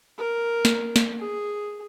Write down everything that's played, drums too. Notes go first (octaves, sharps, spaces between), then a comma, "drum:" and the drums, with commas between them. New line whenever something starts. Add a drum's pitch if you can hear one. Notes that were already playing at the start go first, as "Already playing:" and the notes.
A#4
drum: snare
drum: snare
G#4